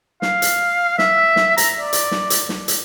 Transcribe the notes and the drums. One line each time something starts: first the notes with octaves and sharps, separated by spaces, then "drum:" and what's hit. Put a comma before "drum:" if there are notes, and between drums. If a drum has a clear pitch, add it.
F5, drum: snare
drum: hi-hat
E5, drum: snare
drum: snare
A#5, drum: hi-hat
D5
drum: hi-hat
drum: snare
drum: hi-hat
drum: snare
drum: hi-hat